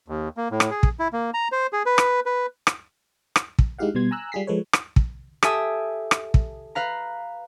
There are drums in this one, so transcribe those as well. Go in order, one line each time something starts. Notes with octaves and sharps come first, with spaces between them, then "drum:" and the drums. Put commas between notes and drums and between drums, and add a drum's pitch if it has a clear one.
D#2
A#3
A2
drum: rim click
G#4
drum: kick
E4
A#3
A#5
C5
G#4
B4
drum: rim click
B4
drum: rim click
drum: rim click
drum: kick
G#3 D#4 E4 G4 F5 F#5
B2 G3 B3 C6 G#6
G#5 A#5 E6 F#6
G3 F4 G#4 B6 C7
F3 G#3 A4 B4 C#5
drum: rim click
drum: kick
G4 A4 E5 G#5 D#6 E6, drum: rim click
drum: rim click
drum: kick
B4 F5 A#5